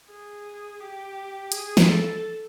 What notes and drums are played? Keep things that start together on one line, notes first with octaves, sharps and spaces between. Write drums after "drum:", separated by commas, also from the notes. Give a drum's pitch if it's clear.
G#4
G4
G#4, drum: hi-hat
drum: snare
A4